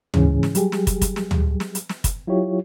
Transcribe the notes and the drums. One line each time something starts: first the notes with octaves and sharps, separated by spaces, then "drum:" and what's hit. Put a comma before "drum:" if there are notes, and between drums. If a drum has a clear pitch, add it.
G#2 C#3 E3 C#4 G#4, drum: tom
drum: snare
F#3 G3 G4 G#4, drum: hi-hat
drum: snare
drum: kick, hi-hat
drum: kick, hi-hat
drum: snare
drum: tom
drum: snare
drum: hi-hat
drum: snare
drum: kick, hi-hat
F#3 E4 F4 G4 C#5